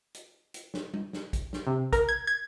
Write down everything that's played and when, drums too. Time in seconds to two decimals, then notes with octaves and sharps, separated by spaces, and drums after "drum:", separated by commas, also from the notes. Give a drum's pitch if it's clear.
0.14 drum: hi-hat
0.54 drum: hi-hat
0.74 drum: snare
0.94 drum: tom G3
1.13 drum: snare
1.33 drum: kick, hi-hat
1.53 drum: snare
1.67 C3
1.93 A#4, drum: kick, hi-hat
2.09 G#6
2.27 G#6